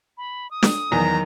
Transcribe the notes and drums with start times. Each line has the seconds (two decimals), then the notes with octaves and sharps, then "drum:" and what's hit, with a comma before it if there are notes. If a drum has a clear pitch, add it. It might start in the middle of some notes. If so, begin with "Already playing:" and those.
0.18 B5
0.51 D#6
0.63 drum: snare
0.92 E2 D#3 F#3 A#5